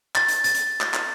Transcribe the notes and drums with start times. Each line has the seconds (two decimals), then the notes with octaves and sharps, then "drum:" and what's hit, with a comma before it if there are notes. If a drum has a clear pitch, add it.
0.15 A6, drum: clap
0.28 drum: hi-hat
0.44 A6, drum: hi-hat
0.55 drum: hi-hat
0.81 drum: clap
0.94 drum: clap